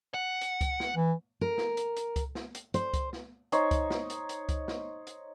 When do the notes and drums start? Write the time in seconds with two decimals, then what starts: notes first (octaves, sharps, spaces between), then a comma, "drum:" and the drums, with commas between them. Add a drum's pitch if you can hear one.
0.14 F#5
0.41 drum: hi-hat
0.61 drum: kick C#2, hi-hat
0.80 drum: snare
0.96 E3
1.41 A#4
1.58 drum: snare
1.77 drum: hi-hat
1.97 drum: hi-hat
2.16 drum: kick C#2, hi-hat
2.35 drum: snare
2.55 drum: hi-hat
2.74 C5, drum: hi-hat
2.94 drum: kick C#2, hi-hat
3.13 drum: snare
3.52 D#4 C5 C#5, drum: hi-hat
3.71 drum: kick C#2, hi-hat
3.90 drum: snare
4.10 drum: hi-hat
4.29 drum: hi-hat
4.49 drum: kick C#2, hi-hat
4.68 drum: snare
5.07 drum: hi-hat